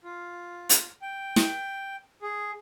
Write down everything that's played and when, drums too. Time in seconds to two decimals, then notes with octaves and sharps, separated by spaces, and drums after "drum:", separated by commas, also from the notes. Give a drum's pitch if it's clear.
0.04 F4
0.69 drum: hi-hat
1.02 G5
1.36 drum: snare
2.22 G#4